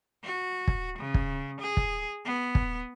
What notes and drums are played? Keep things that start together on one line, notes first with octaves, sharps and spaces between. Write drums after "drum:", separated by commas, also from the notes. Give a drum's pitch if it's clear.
F#4
drum: kick
C#3
drum: kick
G#4
drum: kick
B3
drum: kick